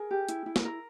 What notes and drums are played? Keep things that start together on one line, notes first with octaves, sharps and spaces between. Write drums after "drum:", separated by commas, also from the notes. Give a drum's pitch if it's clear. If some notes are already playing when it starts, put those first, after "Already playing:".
Already playing: G#4 A#4 G#5
G4
E4, drum: hi-hat
E4
drum: snare
A#4